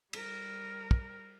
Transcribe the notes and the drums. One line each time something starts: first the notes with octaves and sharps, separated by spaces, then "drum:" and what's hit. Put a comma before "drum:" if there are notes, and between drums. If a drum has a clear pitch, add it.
G3 A#4, drum: cymbal
drum: kick